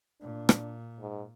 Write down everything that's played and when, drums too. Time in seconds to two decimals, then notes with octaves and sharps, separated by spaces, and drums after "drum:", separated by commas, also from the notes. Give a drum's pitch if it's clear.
0.21 A#2 D4
0.49 drum: rim click
1.00 G#2